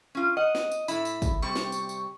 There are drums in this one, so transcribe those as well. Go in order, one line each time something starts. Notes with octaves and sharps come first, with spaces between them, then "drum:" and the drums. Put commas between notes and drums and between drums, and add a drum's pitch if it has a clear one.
C#4 F4
D#5 F#5
drum: snare
drum: tambourine
A2 E4 B5, drum: tambourine
drum: tambourine
drum: kick, tambourine
C3 G3 C5 C#6
drum: snare
drum: tambourine
drum: tambourine